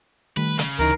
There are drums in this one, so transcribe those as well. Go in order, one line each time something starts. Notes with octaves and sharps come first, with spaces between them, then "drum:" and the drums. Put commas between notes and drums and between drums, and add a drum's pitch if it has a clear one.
D#3 G3 A3 B4
C#3, drum: hi-hat
D2 E3 D#4 A#4